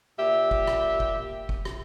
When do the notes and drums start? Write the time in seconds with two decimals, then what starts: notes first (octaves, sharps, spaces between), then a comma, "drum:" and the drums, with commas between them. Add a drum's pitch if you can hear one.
0.19 A#2 G4 E5
0.51 drum: kick
0.67 drum: rim click
1.00 drum: kick
1.49 drum: kick
1.65 drum: rim click